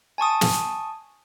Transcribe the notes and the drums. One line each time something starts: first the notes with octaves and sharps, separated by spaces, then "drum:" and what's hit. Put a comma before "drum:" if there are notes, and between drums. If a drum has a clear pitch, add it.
G#5 A5 C#6 D#6
drum: snare